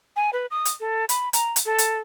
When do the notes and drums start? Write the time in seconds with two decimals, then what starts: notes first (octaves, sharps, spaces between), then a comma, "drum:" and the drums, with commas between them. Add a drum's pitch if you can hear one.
0.16 G#5
0.33 B4
0.51 D#6
0.65 drum: hi-hat
0.80 A4
1.09 B5, drum: hi-hat
1.33 A#5, drum: hi-hat
1.56 drum: hi-hat
1.66 A4
1.78 drum: hi-hat